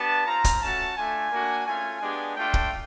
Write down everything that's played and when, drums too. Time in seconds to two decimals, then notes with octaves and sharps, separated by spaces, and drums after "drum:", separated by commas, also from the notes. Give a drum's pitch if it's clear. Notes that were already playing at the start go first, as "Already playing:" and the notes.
Already playing: B3 D4 G4 A5
0.27 C4 F4 A#5
0.44 drum: kick, hi-hat
0.62 A3 C#4 F#4 A5
0.97 A3 D4 F4 G#5
1.31 A#3 D4 F#4
1.66 A3 C#4 F4 G#5
2.01 G#3 B3 D4 G4 G#5
2.36 A3 D4 F4 G5
2.54 drum: kick